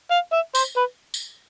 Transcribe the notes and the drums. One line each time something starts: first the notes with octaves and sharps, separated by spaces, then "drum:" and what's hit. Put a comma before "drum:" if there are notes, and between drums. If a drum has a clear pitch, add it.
F5
E5
C5, drum: tambourine
B4
drum: tambourine